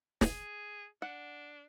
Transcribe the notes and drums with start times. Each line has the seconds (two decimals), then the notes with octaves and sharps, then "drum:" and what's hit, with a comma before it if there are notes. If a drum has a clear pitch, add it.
0.21 G#4, drum: snare
1.02 D4 F#5